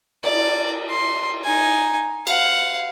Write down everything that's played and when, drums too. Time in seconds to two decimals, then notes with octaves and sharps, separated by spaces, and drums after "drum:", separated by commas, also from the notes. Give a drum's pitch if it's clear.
0.24 D5, drum: cymbal
0.90 C6
1.45 D#4 G#5
2.27 F5 F#5, drum: cymbal